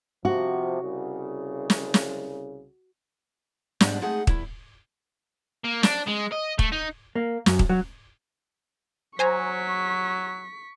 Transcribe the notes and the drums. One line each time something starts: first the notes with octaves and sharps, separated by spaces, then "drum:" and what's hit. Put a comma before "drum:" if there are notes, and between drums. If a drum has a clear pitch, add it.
C3 F3 F#4
C2 C#3
drum: snare
drum: snare
G#2 G3 G#3 B3 D4, drum: snare
G#3 A3 D#4 G#4 F#5 G#5
E2 E4, drum: kick
A#3
D4, drum: snare
G#3
D#5
A3, drum: kick
D#4
A#3
F#2, drum: snare
drum: kick
F#3
F#3 C5 G#5 A#5 C#6 B6